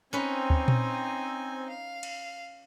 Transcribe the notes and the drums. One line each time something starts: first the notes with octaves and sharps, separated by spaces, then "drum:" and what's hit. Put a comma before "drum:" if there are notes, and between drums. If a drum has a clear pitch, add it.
C4 C#4 D#4 B4 G#5
drum: kick
drum: tom A#2
F5
drum: cymbal